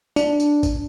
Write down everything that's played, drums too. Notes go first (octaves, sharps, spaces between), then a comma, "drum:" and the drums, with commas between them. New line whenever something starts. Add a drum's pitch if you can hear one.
D4, drum: tambourine
drum: tambourine
drum: kick, tambourine